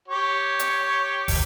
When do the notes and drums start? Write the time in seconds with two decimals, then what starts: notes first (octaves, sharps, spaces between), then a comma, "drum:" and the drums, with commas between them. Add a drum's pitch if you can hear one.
0.08 G4 C#5
0.59 drum: hi-hat
1.28 drum: kick, open hi-hat